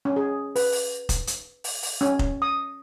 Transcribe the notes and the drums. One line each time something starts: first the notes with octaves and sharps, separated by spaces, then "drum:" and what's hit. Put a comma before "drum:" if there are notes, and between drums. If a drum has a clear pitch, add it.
C#4
G#4
B4, drum: open hi-hat
drum: open hi-hat
drum: kick F1, hi-hat
drum: hi-hat
drum: open hi-hat
drum: open hi-hat
C#4
drum: kick F1
D#6